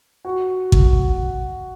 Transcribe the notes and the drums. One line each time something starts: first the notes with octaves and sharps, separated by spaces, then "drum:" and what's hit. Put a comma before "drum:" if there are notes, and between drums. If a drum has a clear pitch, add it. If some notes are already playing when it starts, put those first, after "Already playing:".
F#4
drum: kick A1